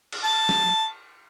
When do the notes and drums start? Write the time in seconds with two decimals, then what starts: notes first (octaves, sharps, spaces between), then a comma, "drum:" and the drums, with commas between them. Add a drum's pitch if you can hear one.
0.12 drum: cymbal
0.24 A5
0.49 drum: snare